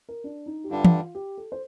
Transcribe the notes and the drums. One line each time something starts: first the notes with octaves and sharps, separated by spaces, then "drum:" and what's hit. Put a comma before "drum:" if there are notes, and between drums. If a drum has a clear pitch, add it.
A#4
D4
D#4
G4
G2 D3 G3 D4 F4
drum: tom
G4
A4
C5